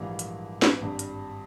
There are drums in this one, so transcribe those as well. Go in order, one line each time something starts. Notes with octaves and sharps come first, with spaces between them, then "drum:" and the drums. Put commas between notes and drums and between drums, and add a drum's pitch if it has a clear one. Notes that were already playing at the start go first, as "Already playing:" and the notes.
Already playing: A#1 G#2 E3 G3 A#3
drum: hi-hat
drum: snare
G#1 G2 G3
drum: hi-hat